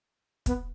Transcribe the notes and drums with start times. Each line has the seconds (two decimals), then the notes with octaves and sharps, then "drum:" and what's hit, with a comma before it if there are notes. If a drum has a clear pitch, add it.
0.46 B3, drum: kick, hi-hat